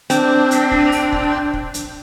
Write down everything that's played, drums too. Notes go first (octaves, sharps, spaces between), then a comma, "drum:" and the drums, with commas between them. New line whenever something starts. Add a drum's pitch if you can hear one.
C4 D4, drum: hi-hat
drum: hi-hat
drum: kick
drum: open hi-hat
drum: kick
drum: kick
drum: hi-hat